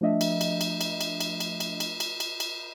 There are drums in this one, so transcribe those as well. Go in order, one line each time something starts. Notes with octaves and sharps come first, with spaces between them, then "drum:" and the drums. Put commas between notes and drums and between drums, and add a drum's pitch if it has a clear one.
F3 A3 D4 D#5 E5
drum: cymbal
drum: cymbal
drum: cymbal
drum: cymbal
drum: cymbal
drum: cymbal
drum: cymbal
drum: cymbal
drum: cymbal
drum: cymbal
drum: cymbal
drum: cymbal